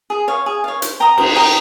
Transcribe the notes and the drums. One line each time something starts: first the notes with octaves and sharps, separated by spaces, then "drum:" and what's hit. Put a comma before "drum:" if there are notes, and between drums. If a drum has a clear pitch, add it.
G#4
C#5 F5
G#4
C#5 F5
C5, drum: hi-hat
G5 A#5 D#6
C5, drum: cymbal
G5 A#5 D#6